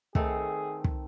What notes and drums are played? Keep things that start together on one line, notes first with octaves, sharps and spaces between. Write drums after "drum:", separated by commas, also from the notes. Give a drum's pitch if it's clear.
D#3 A3 C4 G#4, drum: kick
drum: kick